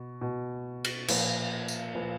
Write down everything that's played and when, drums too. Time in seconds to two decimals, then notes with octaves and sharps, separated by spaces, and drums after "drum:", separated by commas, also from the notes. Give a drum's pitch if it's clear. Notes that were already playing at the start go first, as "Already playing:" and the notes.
Already playing: B2
0.21 B2
0.85 drum: cymbal
1.08 A#2 F3 B4, drum: cymbal
1.68 drum: tambourine
1.95 A#2 F3 B4